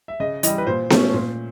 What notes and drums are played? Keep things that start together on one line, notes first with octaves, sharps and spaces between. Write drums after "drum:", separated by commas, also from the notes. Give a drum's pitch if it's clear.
E5
C#3 D#5
E3 G3 D#5, drum: hi-hat
B4
A#2 C5
F3 A3 C#4, drum: snare B3
A#2